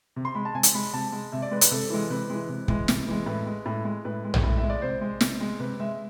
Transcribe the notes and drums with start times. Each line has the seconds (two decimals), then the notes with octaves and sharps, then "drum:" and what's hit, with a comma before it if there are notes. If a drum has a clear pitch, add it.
0.16 C3
0.25 C6
0.35 G#3 B5
0.45 A5
0.54 C3 G#5
0.63 drum: hi-hat
0.74 G#3 B5
0.93 C3 A5
1.12 G#3
1.32 C3 E5
1.42 D5
1.51 G#3 B4
1.61 B4, drum: hi-hat
1.71 C3 A4
1.90 E3 G#3
2.10 C3 B4
2.30 E3 G#3
2.49 C3
2.68 E3 G#3, drum: kick
2.88 C3, drum: snare
3.07 E3 G#3
3.26 A2 B4
3.46 G#3
3.66 A2
3.85 G#3
4.05 A2 B4
4.25 G#3
4.34 drum: tom A#1
4.43 A2
4.57 E5
4.63 G#3
4.70 D5
4.82 C3 C5
5.01 G#3
5.21 C3, drum: snare
5.40 G#3
5.60 C3 B4
5.80 G#3 E5